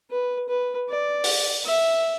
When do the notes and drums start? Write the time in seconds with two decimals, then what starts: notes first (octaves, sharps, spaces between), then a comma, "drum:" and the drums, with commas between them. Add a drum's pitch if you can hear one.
0.10 B4
0.49 B4
0.88 D5
1.24 drum: open hi-hat
1.65 E5